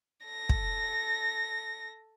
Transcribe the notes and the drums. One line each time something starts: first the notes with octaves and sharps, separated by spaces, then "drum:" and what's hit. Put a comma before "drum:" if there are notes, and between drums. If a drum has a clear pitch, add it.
A4 A#6
drum: kick